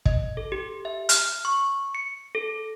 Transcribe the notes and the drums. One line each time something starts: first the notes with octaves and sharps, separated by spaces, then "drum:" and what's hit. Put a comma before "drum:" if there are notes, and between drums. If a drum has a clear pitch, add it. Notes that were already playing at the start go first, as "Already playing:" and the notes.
D#5, drum: kick
A4
G4
E5
F6, drum: hi-hat
C#6
C#7
A4